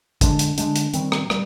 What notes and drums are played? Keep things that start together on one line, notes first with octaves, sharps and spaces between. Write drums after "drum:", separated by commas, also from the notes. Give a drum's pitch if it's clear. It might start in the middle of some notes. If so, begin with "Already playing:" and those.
D3 G#3 D4, drum: kick, hi-hat
drum: hi-hat
D3 G#3 D4, drum: hi-hat
drum: hi-hat
D#3 G3 C4, drum: hi-hat
drum: rim click
G3, drum: rim click